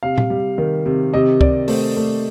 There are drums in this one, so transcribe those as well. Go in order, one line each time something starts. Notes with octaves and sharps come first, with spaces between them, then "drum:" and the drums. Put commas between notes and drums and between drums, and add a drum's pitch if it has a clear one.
C3 F5
drum: tom A#2
G3
D#3
C3
C3 D#5
C3 D5, drum: kick C#2
A3 C5, drum: open hi-hat
A3